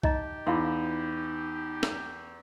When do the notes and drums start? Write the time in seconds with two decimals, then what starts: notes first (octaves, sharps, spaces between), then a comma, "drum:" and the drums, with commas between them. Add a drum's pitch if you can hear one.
0.03 D#4 G4 D#5 A#5, drum: kick C2
0.47 E2 D#4 E4 F5 B5 C6 D6
1.83 drum: snare